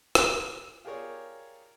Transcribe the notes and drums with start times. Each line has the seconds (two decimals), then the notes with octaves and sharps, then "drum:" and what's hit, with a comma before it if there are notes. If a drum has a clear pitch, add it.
0.15 drum: rim click
0.85 F4 G4 G#4 A#4 C#5 D5